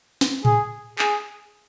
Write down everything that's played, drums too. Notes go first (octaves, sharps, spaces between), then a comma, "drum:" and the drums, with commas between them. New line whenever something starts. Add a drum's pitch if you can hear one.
drum: snare
G#4, drum: tom A2
G#4, drum: clap